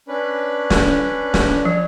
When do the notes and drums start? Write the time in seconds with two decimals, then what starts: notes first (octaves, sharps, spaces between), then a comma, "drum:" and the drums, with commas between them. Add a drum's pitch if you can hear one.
0.08 C#4 D4 B4
0.70 drum: snare
1.34 drum: snare
1.65 F3 C#5